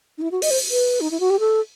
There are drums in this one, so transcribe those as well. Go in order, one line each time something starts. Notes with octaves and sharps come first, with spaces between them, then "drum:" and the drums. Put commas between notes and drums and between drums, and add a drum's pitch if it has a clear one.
D#4
E4
F#4
D#5, drum: open hi-hat
C5
B4
D#4
E4
F#4
G4
A4